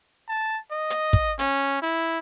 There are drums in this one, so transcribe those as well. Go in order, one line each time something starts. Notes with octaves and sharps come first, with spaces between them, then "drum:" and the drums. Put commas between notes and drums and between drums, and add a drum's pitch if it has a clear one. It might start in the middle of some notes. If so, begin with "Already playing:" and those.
A5
D#5
drum: hi-hat
drum: kick
C#4, drum: hi-hat
E4